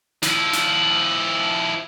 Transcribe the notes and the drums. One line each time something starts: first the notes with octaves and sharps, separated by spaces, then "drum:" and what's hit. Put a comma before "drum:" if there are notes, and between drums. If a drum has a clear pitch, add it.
F3 E4, drum: snare
drum: snare